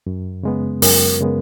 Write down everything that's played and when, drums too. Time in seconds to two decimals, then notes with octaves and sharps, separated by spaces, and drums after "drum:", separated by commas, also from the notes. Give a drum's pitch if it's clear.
0.07 F#2
0.43 C#3 G#3 B3
0.82 F#2 A#4, drum: open hi-hat
1.21 C#3 G#3 B3